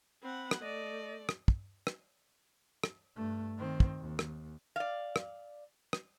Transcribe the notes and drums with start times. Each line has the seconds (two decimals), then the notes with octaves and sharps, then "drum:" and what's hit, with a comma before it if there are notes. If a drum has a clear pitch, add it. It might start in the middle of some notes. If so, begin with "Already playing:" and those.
0.23 C4 F#5 B5
0.51 drum: rim click
0.61 A3 D5 D#5
1.29 drum: rim click
1.48 drum: kick
1.87 drum: rim click
2.84 drum: rim click
3.16 G2 A3
3.57 D#3 C4
3.80 drum: kick
4.00 D#2
4.19 drum: rim click
4.76 D5 F5
5.16 drum: rim click
5.93 drum: rim click